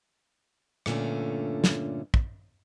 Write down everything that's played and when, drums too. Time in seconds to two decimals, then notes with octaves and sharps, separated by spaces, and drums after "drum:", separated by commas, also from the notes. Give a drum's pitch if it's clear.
0.86 G2 A#2 D3 A3 C#4, drum: rim click
1.64 drum: snare
2.14 drum: kick